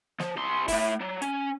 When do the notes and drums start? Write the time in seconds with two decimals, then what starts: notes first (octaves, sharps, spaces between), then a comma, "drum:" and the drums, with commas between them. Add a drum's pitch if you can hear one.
0.20 F3, drum: snare
0.36 C2 C6
0.68 A3 E4, drum: kick, open hi-hat
1.01 F#3
1.22 C#4, drum: hi-hat